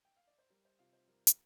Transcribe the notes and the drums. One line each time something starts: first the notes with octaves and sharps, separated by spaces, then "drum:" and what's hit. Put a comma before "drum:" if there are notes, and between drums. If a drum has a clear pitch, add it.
G5
F5
D5
C5
G3 A#4
C5
C3 F4 F5
C5
G3 A#4
drum: hi-hat